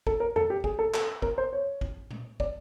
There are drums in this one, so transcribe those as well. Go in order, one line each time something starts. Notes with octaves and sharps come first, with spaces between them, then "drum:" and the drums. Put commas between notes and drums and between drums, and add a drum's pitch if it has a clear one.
A4, drum: kick
A#4
A4, drum: tom E2
G4
G#4, drum: kick
A4
A4, drum: clap
A#4, drum: kick
C5
C#5
drum: kick
drum: tom A#2
D5, drum: kick